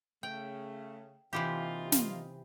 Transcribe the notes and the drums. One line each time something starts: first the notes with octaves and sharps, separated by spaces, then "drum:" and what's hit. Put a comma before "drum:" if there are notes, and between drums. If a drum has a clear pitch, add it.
C#3 A3 G5
C3 E3 A#3 D#4 F4 G4
drum: snare